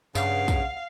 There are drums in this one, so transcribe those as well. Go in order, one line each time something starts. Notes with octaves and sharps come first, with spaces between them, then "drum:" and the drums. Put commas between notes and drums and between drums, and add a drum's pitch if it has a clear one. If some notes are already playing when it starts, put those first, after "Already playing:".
G2 C#3 F5 F#5, drum: tambourine
drum: kick, tambourine